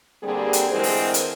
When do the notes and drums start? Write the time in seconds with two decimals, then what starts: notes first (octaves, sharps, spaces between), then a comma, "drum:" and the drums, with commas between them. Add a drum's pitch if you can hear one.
0.23 D3 G3 A#3 C4 G4 G#4
0.53 drum: hi-hat
0.72 D2 E3 G#3 C4 A#4 C5
0.84 drum: open hi-hat
1.14 drum: hi-hat